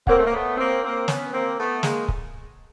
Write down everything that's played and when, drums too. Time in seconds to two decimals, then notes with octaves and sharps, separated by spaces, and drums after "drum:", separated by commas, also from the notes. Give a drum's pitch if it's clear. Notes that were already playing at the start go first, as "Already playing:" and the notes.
0.07 A#3 C4 A#4 C#5 F#5, drum: kick C#1
0.17 A3
0.25 A#3
0.32 A3 B3
0.57 A#3 C4
0.83 A#3 C4
1.08 B3 C#4, drum: snare
1.33 A#3 C4
1.58 A3 B3
1.83 G#3 A#3, drum: snare
2.08 drum: kick C#1